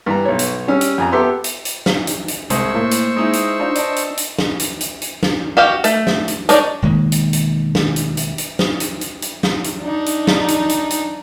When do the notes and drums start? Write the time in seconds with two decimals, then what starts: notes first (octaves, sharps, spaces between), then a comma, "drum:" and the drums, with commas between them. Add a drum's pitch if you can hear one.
0.06 G2 E3 A#5
0.25 B1 C#5
0.39 drum: hi-hat
0.68 G3 C#4 E6
0.81 drum: hi-hat
0.98 F2 G#5 A#5
1.12 B3 G4 A4 E5 C6 E6
1.44 drum: hi-hat
1.65 drum: hi-hat
1.86 drum: snare
2.07 drum: hi-hat
2.28 drum: hi-hat
2.50 C2 C3 G#3 C5 G#5 C#6 E6, drum: hi-hat
2.75 A2 A#3
2.91 drum: hi-hat
3.16 G#3 D#4 E4
3.33 drum: hi-hat
3.60 D4 D#4 F4
3.75 D5 D#5 A5, drum: hi-hat
3.96 drum: hi-hat
4.17 drum: hi-hat
4.39 drum: snare
4.60 drum: hi-hat
4.81 drum: hi-hat
5.02 drum: hi-hat
5.23 drum: snare
5.57 F#4 G4 F5
5.84 A3, drum: hi-hat
6.07 drum: snare
6.28 drum: hi-hat
6.49 D4 D#4 C#5 D5, drum: hi-hat
6.82 E1 D#3 G#3 A#3
7.12 drum: hi-hat
7.33 drum: hi-hat
7.75 drum: snare
7.96 drum: hi-hat
8.17 drum: hi-hat
8.38 drum: hi-hat
8.59 drum: snare
8.80 drum: hi-hat
9.01 drum: hi-hat
9.22 drum: hi-hat
9.43 drum: snare
9.64 drum: hi-hat
9.81 D4 D#4
10.06 drum: hi-hat
10.27 drum: snare
10.48 drum: hi-hat
10.69 drum: hi-hat
10.90 drum: hi-hat